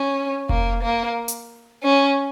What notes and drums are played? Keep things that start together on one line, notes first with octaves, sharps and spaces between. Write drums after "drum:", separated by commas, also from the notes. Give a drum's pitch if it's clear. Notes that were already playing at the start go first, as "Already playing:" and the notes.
Already playing: C#4
A#3, drum: kick F1
A#3
drum: hi-hat
C#4